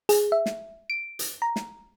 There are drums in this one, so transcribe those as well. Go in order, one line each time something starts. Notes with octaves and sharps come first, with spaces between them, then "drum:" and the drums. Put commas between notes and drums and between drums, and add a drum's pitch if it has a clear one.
G#4, drum: hi-hat
E5
drum: snare
D7
drum: hi-hat
A#5
drum: snare